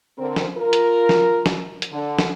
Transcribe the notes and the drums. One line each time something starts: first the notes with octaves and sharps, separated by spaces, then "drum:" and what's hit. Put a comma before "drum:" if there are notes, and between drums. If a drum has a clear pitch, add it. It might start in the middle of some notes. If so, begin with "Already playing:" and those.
D3 C4 A#4
drum: snare
F4 A#4
drum: hi-hat
drum: snare
drum: snare
drum: hi-hat
D3
drum: snare